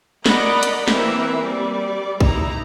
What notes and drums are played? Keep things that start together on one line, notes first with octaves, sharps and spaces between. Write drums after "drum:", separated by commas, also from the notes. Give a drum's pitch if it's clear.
A#4 D5 D#5 F#5 A#5 B5, drum: snare
drum: hi-hat
E3 A#3 C4 A#4 E5, drum: snare
G3 D5
D#4 E4 A#5, drum: kick A#1